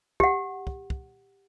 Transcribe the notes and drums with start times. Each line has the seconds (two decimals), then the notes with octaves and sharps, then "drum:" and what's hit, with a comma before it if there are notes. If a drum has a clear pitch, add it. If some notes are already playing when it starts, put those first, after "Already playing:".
0.20 G4 F#5, drum: kick
0.67 drum: kick
0.90 drum: kick